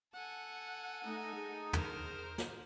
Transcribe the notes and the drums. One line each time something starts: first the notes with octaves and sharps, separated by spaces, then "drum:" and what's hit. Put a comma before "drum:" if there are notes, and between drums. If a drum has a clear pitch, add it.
A4 F#5 G#5
A3 D#4
G#4
A#4 C5, drum: tom
drum: snare